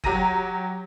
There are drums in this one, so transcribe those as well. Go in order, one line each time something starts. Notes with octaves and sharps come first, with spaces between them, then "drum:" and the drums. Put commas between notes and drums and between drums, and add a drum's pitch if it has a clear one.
F#3 G4 A#5 A#6 D#7, drum: kick